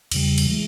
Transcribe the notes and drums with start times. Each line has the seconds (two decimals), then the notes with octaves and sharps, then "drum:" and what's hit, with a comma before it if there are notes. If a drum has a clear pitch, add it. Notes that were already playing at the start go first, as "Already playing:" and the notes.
0.12 E2 C#3 G3, drum: cymbal
0.38 drum: cymbal
0.49 E3 G#3